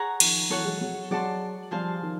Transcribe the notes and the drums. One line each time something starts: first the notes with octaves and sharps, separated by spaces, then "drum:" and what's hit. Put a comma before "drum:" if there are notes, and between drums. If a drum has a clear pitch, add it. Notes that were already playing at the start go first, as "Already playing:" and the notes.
Already playing: G#4 C#5 F#5 A#5
D#3 F3, drum: cymbal
E3 F#3 A4 C#5 F#5
F#3 G#3
F#3 G#3
F#3 G#3 D5 F#5 A5 C6
F3 G3 G#4 C5 F5 A5
D#3 F3